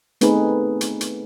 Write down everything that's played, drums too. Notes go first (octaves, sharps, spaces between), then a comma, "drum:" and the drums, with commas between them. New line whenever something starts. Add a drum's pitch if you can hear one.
A3 B3 C4 D#4 G#4 B4, drum: hi-hat
drum: hi-hat
drum: hi-hat